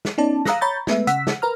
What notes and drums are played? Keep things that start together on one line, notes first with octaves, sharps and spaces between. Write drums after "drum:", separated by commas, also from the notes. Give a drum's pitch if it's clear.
drum: snare
B3 C#4 D#4 D5 A5
F5 A#5 D#6 E6 F#6 A#6, drum: snare
C#5 A#5 B5 C#6 G6 A6
G#3 A3 B3 B4 E5, drum: snare
C#3 F#5 E6 B6, drum: hi-hat
drum: snare
A#4 B4 A#5 F6